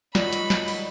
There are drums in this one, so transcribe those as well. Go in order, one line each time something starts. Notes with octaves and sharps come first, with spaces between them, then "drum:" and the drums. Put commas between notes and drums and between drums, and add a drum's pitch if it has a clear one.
D#3 F#3 F4 D5 D#5 B5, drum: snare
drum: hi-hat
drum: snare
drum: open hi-hat